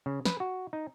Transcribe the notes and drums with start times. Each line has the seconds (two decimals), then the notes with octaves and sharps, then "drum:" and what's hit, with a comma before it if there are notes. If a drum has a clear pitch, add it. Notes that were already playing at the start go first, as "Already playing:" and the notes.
0.06 C#3
0.25 B4, drum: snare
0.40 F#4
0.73 D#4